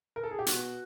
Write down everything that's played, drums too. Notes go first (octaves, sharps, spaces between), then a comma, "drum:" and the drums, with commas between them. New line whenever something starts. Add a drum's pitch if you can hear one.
A#4
A4
G#4
G4
B2 F#4, drum: hi-hat